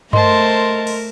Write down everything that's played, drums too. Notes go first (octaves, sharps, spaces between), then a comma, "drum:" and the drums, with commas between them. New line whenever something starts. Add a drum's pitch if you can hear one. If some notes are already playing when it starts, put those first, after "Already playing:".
A3 A#4 C5 D#5 A5 C6, drum: tom G2
drum: cymbal